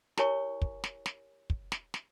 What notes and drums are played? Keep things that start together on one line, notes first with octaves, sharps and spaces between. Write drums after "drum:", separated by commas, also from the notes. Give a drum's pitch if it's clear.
E4 G4 A#4 C#5 G#5 C#6, drum: snare
drum: kick
drum: snare
drum: snare
drum: kick
drum: snare
drum: snare